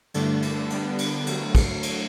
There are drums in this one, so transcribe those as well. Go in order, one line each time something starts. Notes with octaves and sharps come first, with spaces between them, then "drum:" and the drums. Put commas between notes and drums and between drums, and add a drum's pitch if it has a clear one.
G2 D3 A3 D4, drum: cymbal
drum: cymbal
D3 G3 B3 D4, drum: cymbal
drum: cymbal
D3 F#3 A3, drum: cymbal
drum: kick, cymbal
drum: cymbal